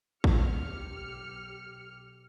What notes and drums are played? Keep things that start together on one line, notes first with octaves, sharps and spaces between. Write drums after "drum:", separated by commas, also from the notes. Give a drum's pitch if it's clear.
B1 G4 F6 C#7, drum: kick